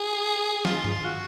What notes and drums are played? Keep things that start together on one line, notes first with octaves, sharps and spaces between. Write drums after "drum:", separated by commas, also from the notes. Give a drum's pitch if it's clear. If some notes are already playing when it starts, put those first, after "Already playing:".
Already playing: G#4
F4, drum: snare
drum: tom G2
F#4